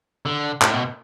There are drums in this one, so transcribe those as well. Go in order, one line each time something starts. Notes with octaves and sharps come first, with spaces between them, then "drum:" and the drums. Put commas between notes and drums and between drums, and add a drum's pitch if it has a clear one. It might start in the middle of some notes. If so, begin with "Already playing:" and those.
D3
A2, drum: clap
B2